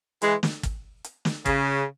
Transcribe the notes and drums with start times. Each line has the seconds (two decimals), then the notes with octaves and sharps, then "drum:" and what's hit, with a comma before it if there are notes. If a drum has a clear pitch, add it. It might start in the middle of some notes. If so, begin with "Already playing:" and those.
0.22 E3 G#3, drum: hi-hat
0.43 drum: snare
0.63 drum: kick, hi-hat
1.04 drum: hi-hat
1.25 drum: snare
1.46 C#3, drum: kick, hi-hat